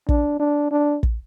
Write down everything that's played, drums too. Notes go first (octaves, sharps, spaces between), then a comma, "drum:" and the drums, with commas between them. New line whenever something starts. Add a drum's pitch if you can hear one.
D4, drum: kick
D4
D4
drum: kick